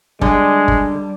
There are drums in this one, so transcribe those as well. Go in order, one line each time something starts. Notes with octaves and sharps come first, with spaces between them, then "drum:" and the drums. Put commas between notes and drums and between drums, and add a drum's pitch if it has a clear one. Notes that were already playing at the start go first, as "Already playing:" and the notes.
D3 G3 G#3, drum: kick
drum: kick